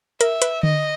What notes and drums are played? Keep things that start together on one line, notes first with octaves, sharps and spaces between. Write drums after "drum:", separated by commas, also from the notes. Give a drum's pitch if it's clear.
A#4 E5, drum: hi-hat
B4, drum: hi-hat
D#5, drum: tom D3